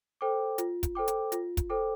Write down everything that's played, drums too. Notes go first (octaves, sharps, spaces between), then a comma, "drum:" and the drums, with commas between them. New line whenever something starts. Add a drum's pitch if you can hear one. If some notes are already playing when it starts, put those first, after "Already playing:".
A4 C5 G5 D6
F4, drum: hi-hat
drum: kick, hi-hat
A4 C5 G5 D6
drum: hi-hat
F4, drum: hi-hat
drum: kick, hi-hat
A4 C5 G5 D6